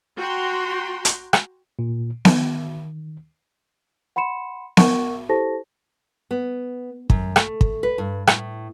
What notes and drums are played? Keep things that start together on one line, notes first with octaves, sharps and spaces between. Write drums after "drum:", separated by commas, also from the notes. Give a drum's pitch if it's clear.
F#4 G5 A#5 C6
drum: hi-hat
drum: rim click
A#2
D#3, drum: snare B3
F#5 B5 C6 C#7 E7
A#4 F#5 C#6, drum: snare B3
E4 G4 A4 C5 A5 A#6
B3
F#2, drum: kick
A3, drum: rim click
drum: kick
B4
G2
A2, drum: rim click